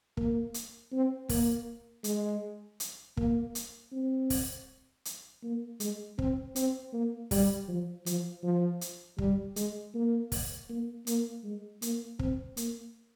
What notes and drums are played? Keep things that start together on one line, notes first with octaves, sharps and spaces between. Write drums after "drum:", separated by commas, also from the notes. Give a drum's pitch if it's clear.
A#3, drum: kick
drum: hi-hat
C4
A#3, drum: kick, open hi-hat
G#3, drum: hi-hat
drum: hi-hat
A#3, drum: kick
drum: hi-hat
C4
drum: kick, open hi-hat
drum: hi-hat
A#3
G#3, drum: hi-hat
C4, drum: kick
C4, drum: hi-hat
A#3
G3, drum: kick, open hi-hat
F3
F3, drum: hi-hat
F3
drum: hi-hat
G3, drum: kick
G#3, drum: hi-hat
A#3
drum: kick, open hi-hat
A#3
A#3, drum: hi-hat
G#3
A#3, drum: hi-hat
C4, drum: kick
A#3, drum: hi-hat